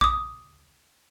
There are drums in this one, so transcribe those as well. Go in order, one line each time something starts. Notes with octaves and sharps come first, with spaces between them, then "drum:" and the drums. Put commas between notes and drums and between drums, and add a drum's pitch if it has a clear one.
D6 D#6, drum: kick A#1